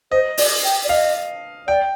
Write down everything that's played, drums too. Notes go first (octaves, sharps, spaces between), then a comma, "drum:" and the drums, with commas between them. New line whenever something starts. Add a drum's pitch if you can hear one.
C5 D#5
D5, drum: open hi-hat
G5
D5
D#5 F5
D5 G5